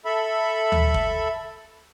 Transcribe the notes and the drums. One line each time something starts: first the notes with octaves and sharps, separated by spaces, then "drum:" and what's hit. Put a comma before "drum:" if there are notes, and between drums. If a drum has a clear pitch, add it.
A4 E5 B5
drum: tom D2
drum: kick